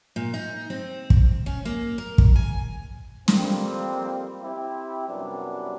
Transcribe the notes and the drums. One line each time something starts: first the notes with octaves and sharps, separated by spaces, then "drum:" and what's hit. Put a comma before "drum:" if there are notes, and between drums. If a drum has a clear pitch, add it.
A#2
D#4
C4
drum: kick
C#4
A#3
A#4
drum: kick
G#5
F2 G3 A#3 C4, drum: snare
C4 E4 G4
C2 F#2 C3 G3 B3 D4